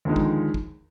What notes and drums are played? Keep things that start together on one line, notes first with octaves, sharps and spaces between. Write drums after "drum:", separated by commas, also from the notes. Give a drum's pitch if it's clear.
D#2 D3 F3 G#3 D#4
drum: kick
drum: kick